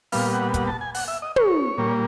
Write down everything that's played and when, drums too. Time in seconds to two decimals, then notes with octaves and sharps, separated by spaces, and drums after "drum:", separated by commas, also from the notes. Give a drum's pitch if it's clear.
0.12 A#2 G3 B3 F5, drum: open hi-hat
0.33 F#5
0.54 F#5, drum: kick, hi-hat
0.67 A5
0.81 G#5
0.95 F#5, drum: open hi-hat
1.08 E5
1.22 D#5
1.36 C#5, drum: tom
1.78 A#2 G3 A#3